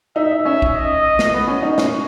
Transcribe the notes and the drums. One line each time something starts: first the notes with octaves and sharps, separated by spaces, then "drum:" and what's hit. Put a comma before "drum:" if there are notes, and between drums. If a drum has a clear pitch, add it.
D#4 E5
D#4
C#4 E5
drum: kick A#1
D#5
drum: snare
B3
C#4
D#4
C#4, drum: snare